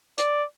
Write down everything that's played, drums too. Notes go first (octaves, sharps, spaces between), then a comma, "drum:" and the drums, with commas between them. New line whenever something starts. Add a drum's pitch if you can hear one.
D5, drum: hi-hat